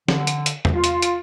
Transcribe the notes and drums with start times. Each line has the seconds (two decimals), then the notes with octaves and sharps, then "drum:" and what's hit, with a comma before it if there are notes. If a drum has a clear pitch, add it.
0.08 D3, drum: snare
0.27 drum: hi-hat
0.46 drum: hi-hat
0.65 drum: tom E2
0.75 F4
0.84 drum: hi-hat
1.02 drum: hi-hat